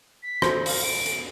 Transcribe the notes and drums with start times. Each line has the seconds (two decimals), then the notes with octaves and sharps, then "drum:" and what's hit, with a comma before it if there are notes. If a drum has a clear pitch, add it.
0.23 B6
0.42 C5, drum: rim click
0.66 F5, drum: open hi-hat
0.83 D7
1.06 drum: hi-hat